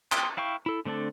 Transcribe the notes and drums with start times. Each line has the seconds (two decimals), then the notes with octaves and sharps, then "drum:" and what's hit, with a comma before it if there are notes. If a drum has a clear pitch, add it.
0.12 G5 C6 D#6, drum: clap
0.37 E4 F5 G5 C#6
0.66 E4 A4
0.85 D3 A3 C4 D4 A4